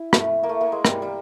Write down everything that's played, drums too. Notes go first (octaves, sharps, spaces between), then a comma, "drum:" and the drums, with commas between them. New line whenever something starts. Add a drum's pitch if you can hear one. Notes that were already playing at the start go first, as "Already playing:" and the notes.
Already playing: E4
A3, drum: rim click
A#3
A3
A#3
G#3
G3, drum: rim click
G3